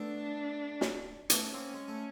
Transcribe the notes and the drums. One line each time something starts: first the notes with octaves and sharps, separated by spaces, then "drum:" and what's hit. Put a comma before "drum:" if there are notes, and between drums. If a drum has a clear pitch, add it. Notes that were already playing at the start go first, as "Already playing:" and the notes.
Already playing: A3 B3 D4
drum: snare
A3 B3 C#4, drum: hi-hat
A#3 C4
G#3
A3